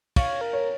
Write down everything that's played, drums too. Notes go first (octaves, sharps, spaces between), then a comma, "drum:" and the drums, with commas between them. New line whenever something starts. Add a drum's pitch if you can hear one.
C#5 F5, drum: kick, cymbal
A#4
C#5